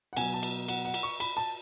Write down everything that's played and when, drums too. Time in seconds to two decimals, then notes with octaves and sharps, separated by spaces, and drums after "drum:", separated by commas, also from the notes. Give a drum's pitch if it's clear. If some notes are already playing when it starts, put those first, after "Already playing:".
0.13 F#5
0.17 B2 F#3 G#5, drum: cymbal
0.34 A5
0.43 drum: cymbal
0.68 F#5, drum: cymbal
0.85 F#5
0.94 drum: cymbal
1.03 C#6
1.20 B5, drum: cymbal
1.37 A5